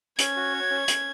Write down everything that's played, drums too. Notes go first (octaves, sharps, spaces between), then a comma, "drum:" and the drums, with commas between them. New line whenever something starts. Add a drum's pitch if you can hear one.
C#4 G#6, drum: hi-hat
F#4
C#5
C#4
C#4, drum: hi-hat